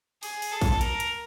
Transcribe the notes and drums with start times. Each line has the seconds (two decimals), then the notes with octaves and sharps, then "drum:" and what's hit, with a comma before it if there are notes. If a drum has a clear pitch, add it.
0.23 G#4, drum: open hi-hat
0.42 drum: open hi-hat
0.52 A4
0.61 drum: kick, open hi-hat
0.81 A#4, drum: hi-hat
1.00 drum: hi-hat